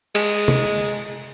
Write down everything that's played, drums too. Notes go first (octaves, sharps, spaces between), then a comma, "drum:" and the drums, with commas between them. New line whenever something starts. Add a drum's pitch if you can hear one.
G#3, drum: cymbal
drum: tom C3